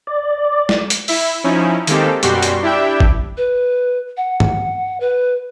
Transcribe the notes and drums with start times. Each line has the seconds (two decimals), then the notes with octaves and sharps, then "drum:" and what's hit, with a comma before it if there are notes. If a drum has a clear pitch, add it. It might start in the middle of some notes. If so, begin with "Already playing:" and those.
0.07 D5
0.69 drum: snare
0.90 drum: hi-hat
1.08 E4 E5, drum: open hi-hat
1.44 F3 C#4 D#4 E4
1.87 D#3 G#3 A#3 C4 G4 A4, drum: hi-hat
2.23 F#2 B2 G3 F#4 G4 C6, drum: hi-hat
2.42 drum: hi-hat
2.62 D4 E4 G4 E5 G5
3.00 drum: kick F#1
3.37 B4
4.17 F#5
4.40 drum: tom G2
5.00 B4